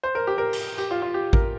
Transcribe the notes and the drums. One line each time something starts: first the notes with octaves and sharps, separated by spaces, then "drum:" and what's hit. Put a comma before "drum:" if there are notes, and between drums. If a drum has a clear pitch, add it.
C5
A#4
G4
A#4
drum: cymbal
G4, drum: tambourine
F4
F4
G4
A#4, drum: kick A1